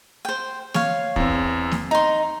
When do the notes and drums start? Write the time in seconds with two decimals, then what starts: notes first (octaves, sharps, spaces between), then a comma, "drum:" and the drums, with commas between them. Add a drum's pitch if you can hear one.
0.25 C5 G5
0.74 C#5 F5, drum: snare
1.16 E2 C4, drum: kick
1.72 drum: snare
1.91 D#4 A#5 C6